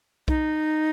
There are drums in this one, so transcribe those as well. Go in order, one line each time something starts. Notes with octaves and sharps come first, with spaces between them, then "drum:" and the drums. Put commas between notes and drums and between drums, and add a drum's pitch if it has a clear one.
D#4, drum: kick